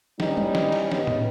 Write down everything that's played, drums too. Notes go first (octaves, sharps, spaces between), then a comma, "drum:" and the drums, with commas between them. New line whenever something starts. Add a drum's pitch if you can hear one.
E3 G3 C#4 D#4, drum: snare
drum: tom G3
drum: snare
drum: cymbal
C#3 B3 D#4 G4 B4 D#5, drum: snare
drum: tom A2